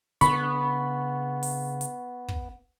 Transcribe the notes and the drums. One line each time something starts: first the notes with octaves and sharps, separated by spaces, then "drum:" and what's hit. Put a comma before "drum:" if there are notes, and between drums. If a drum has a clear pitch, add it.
C#3 B3 D4 B5 C#6, drum: hi-hat
drum: open hi-hat
drum: hi-hat
drum: kick